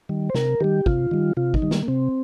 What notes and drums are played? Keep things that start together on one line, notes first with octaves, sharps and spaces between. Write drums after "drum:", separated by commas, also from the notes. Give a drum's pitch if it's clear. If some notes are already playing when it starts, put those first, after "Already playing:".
D#3 G3
C5
C3 A#4, drum: snare
D#3 G3 G4
C3 F4, drum: kick
D#3 G3
C3 F4
D#4, drum: kick
D#3 G3
A#3, drum: snare
A#3
C3 C4